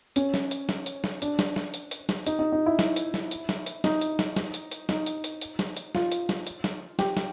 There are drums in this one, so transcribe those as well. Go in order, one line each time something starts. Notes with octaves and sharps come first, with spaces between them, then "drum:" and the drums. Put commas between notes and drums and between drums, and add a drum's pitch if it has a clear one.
C#4, drum: hi-hat
drum: snare
drum: hi-hat
drum: snare
drum: hi-hat
drum: snare
D4, drum: hi-hat
drum: snare
drum: snare
drum: hi-hat
drum: hi-hat
drum: snare
D#4, drum: hi-hat
D#4
D#4
E4
drum: snare
drum: hi-hat
drum: snare
drum: hi-hat
drum: snare
drum: hi-hat
D#4, drum: snare
drum: hi-hat
drum: snare
drum: snare
drum: hi-hat
drum: hi-hat
D#4, drum: snare
drum: hi-hat
drum: hi-hat
drum: hi-hat
drum: snare
drum: hi-hat
F4, drum: snare
drum: hi-hat
drum: snare
drum: hi-hat
drum: snare
G4, drum: snare
drum: snare